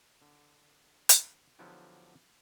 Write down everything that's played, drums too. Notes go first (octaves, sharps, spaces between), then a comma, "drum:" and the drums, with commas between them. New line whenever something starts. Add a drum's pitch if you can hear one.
D3
drum: hi-hat
D3 F3 F#3 B3 E4 G4